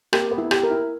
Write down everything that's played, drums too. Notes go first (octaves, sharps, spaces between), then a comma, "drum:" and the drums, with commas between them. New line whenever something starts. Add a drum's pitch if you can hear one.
A#3 G4, drum: rim click
B3
E4
G4, drum: rim click
A#4
E4